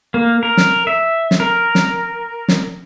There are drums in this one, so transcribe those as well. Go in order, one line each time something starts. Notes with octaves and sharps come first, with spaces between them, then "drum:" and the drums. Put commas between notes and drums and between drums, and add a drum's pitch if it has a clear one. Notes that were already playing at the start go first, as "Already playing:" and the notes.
A#3
A#4
drum: snare
E5
drum: snare
A#4
drum: snare
drum: snare